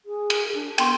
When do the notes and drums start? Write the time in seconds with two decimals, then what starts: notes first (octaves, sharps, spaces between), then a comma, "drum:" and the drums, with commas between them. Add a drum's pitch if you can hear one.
0.05 G#4
0.30 drum: cymbal
0.55 D4
0.78 B3 G5 C6 C#6, drum: cymbal